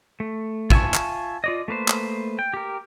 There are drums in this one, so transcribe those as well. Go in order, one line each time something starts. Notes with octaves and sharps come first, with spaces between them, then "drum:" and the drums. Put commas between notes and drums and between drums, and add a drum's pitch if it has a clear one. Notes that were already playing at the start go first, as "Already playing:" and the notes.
A3
F4 E5 G#5 A5 C#6, drum: kick
drum: clap
F4 D5 D#5
A3 A#3 B4 C5
drum: clap
G5
G4 A#4